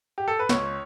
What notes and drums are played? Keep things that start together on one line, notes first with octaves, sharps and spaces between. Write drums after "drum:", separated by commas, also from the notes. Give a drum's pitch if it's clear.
G4
A4
B4
C#2 C#5, drum: snare